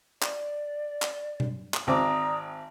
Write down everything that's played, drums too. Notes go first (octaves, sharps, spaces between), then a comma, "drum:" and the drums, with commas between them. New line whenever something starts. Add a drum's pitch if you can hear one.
D5, drum: clap
drum: clap
drum: tom B2
drum: clap
G#1 C4 D5 A#5 D6 D#6